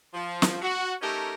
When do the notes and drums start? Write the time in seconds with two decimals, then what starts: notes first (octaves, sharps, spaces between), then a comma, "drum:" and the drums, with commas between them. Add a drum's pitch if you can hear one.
0.14 F3
0.42 drum: snare
0.62 F#4
1.02 A3 C#4 D#4 G4 A4 A#4